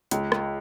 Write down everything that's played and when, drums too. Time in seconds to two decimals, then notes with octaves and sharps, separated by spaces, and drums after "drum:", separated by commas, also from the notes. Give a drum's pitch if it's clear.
0.11 C#2, drum: hi-hat
0.32 drum: rim click